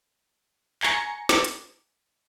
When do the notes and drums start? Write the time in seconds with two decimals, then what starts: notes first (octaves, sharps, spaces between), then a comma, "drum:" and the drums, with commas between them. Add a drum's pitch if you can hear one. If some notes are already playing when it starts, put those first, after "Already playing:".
0.83 G#5 A#5 C#6 A#6 C#7, drum: clap
1.29 drum: snare
1.44 drum: hi-hat